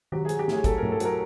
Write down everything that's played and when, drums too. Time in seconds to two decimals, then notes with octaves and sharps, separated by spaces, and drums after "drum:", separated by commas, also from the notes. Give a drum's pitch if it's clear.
0.12 F#3 G4, drum: tom D#3
0.25 G#4
0.29 F#3, drum: hi-hat
0.39 G4
0.48 A2 G#4, drum: snare
0.64 F#3 A4, drum: kick, hi-hat
0.78 A#4
0.83 A2, drum: tom A2
0.92 A4
1.00 F#3 A#4, drum: hi-hat